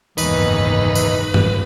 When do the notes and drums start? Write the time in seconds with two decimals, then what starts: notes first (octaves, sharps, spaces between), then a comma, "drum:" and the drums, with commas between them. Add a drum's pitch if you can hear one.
0.18 F#1 D#2 G#2 B2 E3 D#4 B4, drum: tambourine
0.95 drum: tambourine
1.34 drum: tom